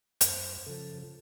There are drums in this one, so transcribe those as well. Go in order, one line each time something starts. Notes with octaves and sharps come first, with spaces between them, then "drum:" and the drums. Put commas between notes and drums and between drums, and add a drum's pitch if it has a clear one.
F#2 C5, drum: hi-hat
C#3 F3 A4